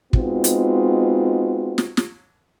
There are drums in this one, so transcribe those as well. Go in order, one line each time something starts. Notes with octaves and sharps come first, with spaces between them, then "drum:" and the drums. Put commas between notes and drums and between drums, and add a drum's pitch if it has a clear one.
G#3 B3 C4 D#4 F4 F#4, drum: kick
drum: hi-hat
drum: snare
drum: snare